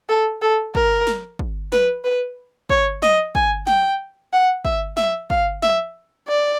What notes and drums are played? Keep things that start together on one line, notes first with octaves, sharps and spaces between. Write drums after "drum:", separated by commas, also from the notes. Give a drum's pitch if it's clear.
A4
A4
A#4, drum: kick
drum: snare
drum: kick
B4, drum: snare
B4
C#5, drum: kick
D#5, drum: snare
G#5, drum: kick
G5, drum: snare
F#5
E5, drum: kick
E5, drum: snare
F5, drum: kick
E5, drum: snare
D5